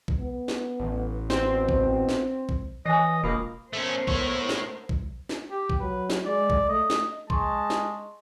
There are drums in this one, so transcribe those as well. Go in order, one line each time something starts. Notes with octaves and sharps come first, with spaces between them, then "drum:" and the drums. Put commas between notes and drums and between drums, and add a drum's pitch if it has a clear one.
drum: kick A#1
B3
drum: snare
A1
B2 C4, drum: snare
drum: kick A#1
drum: snare
drum: kick A#1
E3 C#5 D#5 G#5
E1 A#3 F4 B5 D#6
A3 B3 C#4 A#4 C5
A3 C#5, drum: kick A#1
drum: snare
drum: kick A#1
drum: snare
G4
drum: kick A#1
F#3 B4
drum: snare
G#3 D5
drum: kick A#1
A3 D#5
drum: snare
G#3 A5 C6 C#6, drum: kick A#1
drum: snare